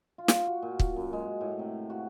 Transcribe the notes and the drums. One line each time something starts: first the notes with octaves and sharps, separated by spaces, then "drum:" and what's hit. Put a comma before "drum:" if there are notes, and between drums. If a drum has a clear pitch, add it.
F4
drum: snare
F#4
A#2
drum: kick
F#2
G#3
A2
C3
F#4